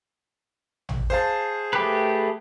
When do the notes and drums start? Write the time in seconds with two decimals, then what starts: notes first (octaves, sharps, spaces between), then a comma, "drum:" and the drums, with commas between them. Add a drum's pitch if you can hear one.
0.89 drum: tom
1.10 G#4 C5 F5 A5
1.73 A3 G4 B4